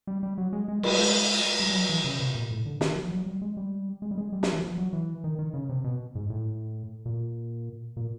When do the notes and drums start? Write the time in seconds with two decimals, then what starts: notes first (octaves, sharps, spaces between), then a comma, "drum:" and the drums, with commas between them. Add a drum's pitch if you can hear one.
0.07 G3
0.23 G3
0.38 F#3
0.53 G#3
0.68 G#3
0.83 G3, drum: cymbal
0.98 G#3
1.60 G3
1.70 G3
1.74 F#3
1.89 E3
2.04 C#3
2.20 C3
2.35 A#2
2.51 A2
2.66 D3
2.81 D#3, drum: snare
2.96 F3
3.11 F#3
3.26 G3
3.42 G#3
3.57 G3
4.02 G#3
4.11 G3
4.18 G#3
4.33 G3
4.43 F#3, drum: snare
4.53 E3
4.62 F3
4.78 F#3
4.93 E3
5.24 D#3
5.39 D#3
5.54 C#3
5.69 C3
5.84 B2
6.15 G#2
6.30 A2
7.06 A#2
7.97 A#2